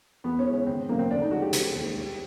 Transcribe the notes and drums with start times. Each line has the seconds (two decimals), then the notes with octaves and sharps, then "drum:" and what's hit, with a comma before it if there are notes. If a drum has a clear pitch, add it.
0.24 E2 B3
0.39 C#4
0.46 C#3 E3 G#3
0.53 C#4
0.67 G#1 C4
0.89 F#2 C#3 A#3
0.99 C4
1.10 D2 D4
1.21 D#4
1.31 C#3 F3 G#3 F#4
1.42 G4
1.53 E1, drum: hi-hat
1.74 D#2 D#3 G#3
1.96 C2